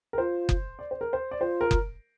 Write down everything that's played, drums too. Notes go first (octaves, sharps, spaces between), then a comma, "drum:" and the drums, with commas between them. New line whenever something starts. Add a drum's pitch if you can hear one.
A#4
F4 C5
drum: kick F#1
D5
C5
A#4
C5
D5
F4 C5
A#4
drum: kick F#1